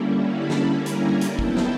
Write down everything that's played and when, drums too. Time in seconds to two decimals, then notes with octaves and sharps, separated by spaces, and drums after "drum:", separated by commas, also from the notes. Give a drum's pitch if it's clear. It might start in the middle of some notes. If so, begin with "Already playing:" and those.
Already playing: D3 G3 A#3 C#4 E4
0.31 A5 B5
0.50 drum: snare
0.86 G#5 A#5, drum: hi-hat
1.21 drum: hi-hat
1.39 D#3 F#3 B3 E4 G5 A5, drum: kick
1.57 drum: snare